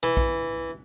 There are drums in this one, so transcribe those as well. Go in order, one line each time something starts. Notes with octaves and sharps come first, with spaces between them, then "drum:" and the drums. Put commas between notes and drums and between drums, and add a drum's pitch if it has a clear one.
E3
drum: kick A#1